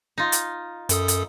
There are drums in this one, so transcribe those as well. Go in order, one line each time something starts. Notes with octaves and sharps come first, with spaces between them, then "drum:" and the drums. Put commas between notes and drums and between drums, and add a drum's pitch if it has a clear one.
D#4 F4
drum: hi-hat
F#2 A4 D#6, drum: hi-hat
drum: hi-hat